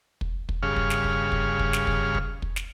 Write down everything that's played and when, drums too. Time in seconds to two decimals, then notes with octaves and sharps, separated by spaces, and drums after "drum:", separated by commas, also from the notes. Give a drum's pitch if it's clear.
0.21 drum: kick
0.49 drum: kick
0.63 G2 C#3 G#4 C#5 F5 F6
0.76 drum: kick
0.90 drum: snare
1.04 drum: kick
1.32 drum: kick
1.59 drum: kick
1.73 drum: snare
1.87 drum: kick
2.15 drum: kick
2.42 drum: kick
2.56 drum: snare